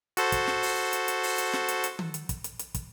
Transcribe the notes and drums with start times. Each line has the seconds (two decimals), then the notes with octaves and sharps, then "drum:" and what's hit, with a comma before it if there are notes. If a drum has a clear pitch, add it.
0.17 F#4 A4 C5, drum: hi-hat
0.32 drum: kick, hi-hat
0.47 drum: snare
0.62 drum: open hi-hat
0.93 drum: hi-hat
1.08 drum: hi-hat
1.23 drum: open hi-hat
1.38 drum: hi-hat
1.53 drum: snare
1.68 drum: hi-hat
1.84 drum: hi-hat
1.99 drum: tom D#3
2.14 drum: hi-hat
2.29 drum: kick, hi-hat
2.44 drum: hi-hat
2.59 drum: hi-hat
2.74 drum: kick, hi-hat